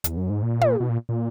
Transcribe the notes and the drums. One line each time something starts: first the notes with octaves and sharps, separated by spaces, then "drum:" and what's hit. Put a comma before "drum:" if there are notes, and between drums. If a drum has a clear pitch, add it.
E2, drum: hi-hat
F#2
G#2
A#2
drum: tom
B2
A#2
A#2